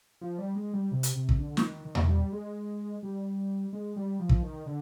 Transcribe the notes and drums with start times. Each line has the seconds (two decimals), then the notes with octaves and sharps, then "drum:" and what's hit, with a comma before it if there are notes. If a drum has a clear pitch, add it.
0.21 F3
0.38 G3
0.55 G#3
0.73 G3
0.92 C3
1.03 drum: hi-hat
1.15 C3
1.29 drum: kick
1.38 D3
1.57 F3, drum: snare
1.62 D#3
1.85 D#3
1.95 drum: tom E2
2.08 G3
2.33 G#3
3.03 G3
3.73 G#3
3.96 G3
4.20 F3
4.29 drum: kick
4.42 D#3
4.66 D3